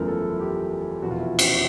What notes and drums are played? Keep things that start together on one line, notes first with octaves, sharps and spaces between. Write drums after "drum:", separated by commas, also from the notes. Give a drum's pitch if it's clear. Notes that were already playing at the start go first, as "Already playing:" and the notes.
Already playing: F#1 E2 C#3 F3 A3 A#4
A4
G4
F1 E2 B2 F#4
F4
E4
F4
drum: cymbal